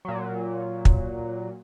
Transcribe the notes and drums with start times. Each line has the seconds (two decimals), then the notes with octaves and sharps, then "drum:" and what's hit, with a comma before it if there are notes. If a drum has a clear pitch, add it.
0.05 A#2 F#3
0.85 drum: kick